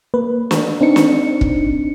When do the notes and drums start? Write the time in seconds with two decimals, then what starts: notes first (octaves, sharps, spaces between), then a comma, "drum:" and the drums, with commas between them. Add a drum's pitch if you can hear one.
0.14 A#3 B4
0.51 drum: snare
0.81 C4 D4 D#4 C#7
0.96 drum: snare
1.41 drum: kick